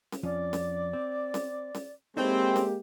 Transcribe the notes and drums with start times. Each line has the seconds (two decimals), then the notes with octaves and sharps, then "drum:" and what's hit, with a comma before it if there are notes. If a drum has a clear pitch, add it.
0.12 drum: snare C#4
0.23 F2 F3 C#4 D5
0.53 drum: snare C#4
0.93 C4
1.34 drum: snare C#4
1.75 drum: snare C#4
2.17 G#3 A#3 C4 D#4 E4 G4 A4 C#5
2.56 drum: snare C#4